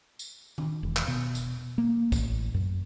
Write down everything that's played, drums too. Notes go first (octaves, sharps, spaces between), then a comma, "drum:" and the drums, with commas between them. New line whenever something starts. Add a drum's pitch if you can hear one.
drum: tambourine
drum: tom D#3
E1
drum: clap
B2
drum: tambourine
A#3
A1, drum: kick, tambourine
F#2